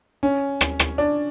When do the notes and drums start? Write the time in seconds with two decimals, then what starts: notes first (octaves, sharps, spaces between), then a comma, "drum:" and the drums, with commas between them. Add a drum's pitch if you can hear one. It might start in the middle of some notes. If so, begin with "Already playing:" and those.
0.23 C#4
0.61 drum: rim click
0.79 drum: rim click
0.98 D4